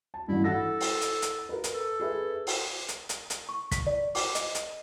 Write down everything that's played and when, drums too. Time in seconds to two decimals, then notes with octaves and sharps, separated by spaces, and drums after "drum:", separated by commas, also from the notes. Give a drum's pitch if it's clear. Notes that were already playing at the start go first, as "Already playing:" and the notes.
0.14 A5
0.28 A1 G2 E4
0.44 E4 A4 F#5 A#6
0.81 drum: open hi-hat
1.01 drum: hi-hat
1.22 drum: hi-hat
1.49 A#4 B4
1.64 drum: hi-hat
1.74 A4
2.00 G#4 B4 E5
2.47 drum: open hi-hat
2.88 drum: hi-hat
3.09 drum: hi-hat
3.30 drum: hi-hat
3.49 C#6
3.71 B6, drum: kick, hi-hat
3.87 D5
4.15 D6, drum: open hi-hat
4.35 D#5, drum: hi-hat
4.55 drum: hi-hat